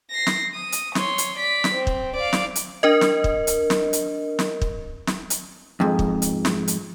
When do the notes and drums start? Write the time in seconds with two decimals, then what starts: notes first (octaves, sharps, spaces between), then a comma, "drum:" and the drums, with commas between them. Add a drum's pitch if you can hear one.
0.10 A#6 C7
0.27 drum: snare
0.54 D#6
0.72 drum: hi-hat
0.95 C#5 C6, drum: snare
1.18 drum: hi-hat
1.38 D5 B6
1.64 drum: snare
1.75 C4
1.87 drum: kick
2.16 D5 F5
2.33 drum: snare
2.55 drum: hi-hat
2.83 D4 A#4 D#5
3.01 drum: snare
3.24 drum: kick
3.47 drum: hi-hat
3.70 drum: snare
3.93 drum: hi-hat
4.39 drum: snare
4.62 drum: kick
5.07 drum: snare
5.30 drum: hi-hat
5.80 F2 G#2
5.99 drum: kick
6.22 drum: hi-hat
6.45 drum: snare
6.68 drum: hi-hat